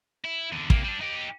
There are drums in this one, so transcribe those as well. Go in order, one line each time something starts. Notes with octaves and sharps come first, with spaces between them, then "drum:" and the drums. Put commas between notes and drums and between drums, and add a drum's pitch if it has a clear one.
E4
E2 D3
C3 A#3, drum: kick
G3 D4
D#4 G4